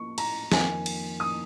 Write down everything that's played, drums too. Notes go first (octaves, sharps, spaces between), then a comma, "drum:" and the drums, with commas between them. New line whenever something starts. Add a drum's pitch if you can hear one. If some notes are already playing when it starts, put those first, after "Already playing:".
Already playing: F3 A#3 C#6
A#5, drum: cymbal
F2 D#3 A#3 D#4 G#5, drum: snare
drum: cymbal
D#6